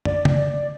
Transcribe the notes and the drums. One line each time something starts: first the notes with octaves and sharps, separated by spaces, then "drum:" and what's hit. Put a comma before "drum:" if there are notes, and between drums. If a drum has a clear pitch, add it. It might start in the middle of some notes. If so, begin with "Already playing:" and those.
D5, drum: tom
drum: tom